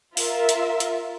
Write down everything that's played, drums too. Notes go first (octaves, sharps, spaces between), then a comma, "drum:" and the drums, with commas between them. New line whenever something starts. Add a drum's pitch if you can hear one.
F4 A#4 E5, drum: open hi-hat
drum: hi-hat
drum: hi-hat